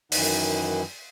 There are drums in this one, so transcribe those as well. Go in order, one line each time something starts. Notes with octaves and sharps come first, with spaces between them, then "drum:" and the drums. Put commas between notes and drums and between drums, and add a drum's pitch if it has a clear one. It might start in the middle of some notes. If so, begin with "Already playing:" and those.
F#2 D#3 E3 D#4 F#5, drum: open hi-hat